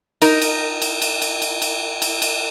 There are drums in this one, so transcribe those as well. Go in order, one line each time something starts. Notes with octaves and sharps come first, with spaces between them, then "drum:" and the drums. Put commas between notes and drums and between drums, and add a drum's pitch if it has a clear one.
D#4 A#4, drum: cymbal
drum: cymbal
drum: cymbal
drum: cymbal
drum: cymbal
drum: cymbal
drum: cymbal
drum: cymbal
drum: cymbal